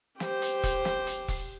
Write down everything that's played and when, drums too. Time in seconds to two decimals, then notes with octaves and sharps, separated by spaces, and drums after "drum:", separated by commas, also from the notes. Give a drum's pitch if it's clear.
0.20 G4 C5, drum: snare
0.42 drum: hi-hat
0.63 drum: kick E1, hi-hat
0.85 drum: snare
1.07 drum: hi-hat
1.28 drum: kick E1, open hi-hat